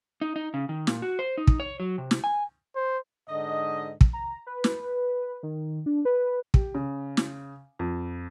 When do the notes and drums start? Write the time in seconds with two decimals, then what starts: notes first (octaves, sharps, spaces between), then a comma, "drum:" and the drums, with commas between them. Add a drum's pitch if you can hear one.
0.21 D#4
0.36 D#4
0.54 C#3
0.69 D#3
0.87 A#2, drum: snare
1.02 F#4
1.19 C5
1.38 D#4
1.47 drum: kick
1.60 C#5
1.80 F#3
1.98 C3
2.11 drum: snare
2.24 G#5
2.75 C5
3.29 G#2 D3 D#5
4.01 drum: kick
4.13 A#5
4.47 B4
4.64 drum: snare
5.43 D#3
5.86 D4
6.05 B4
6.54 G4, drum: kick
6.75 C#3
7.17 drum: snare
7.79 F2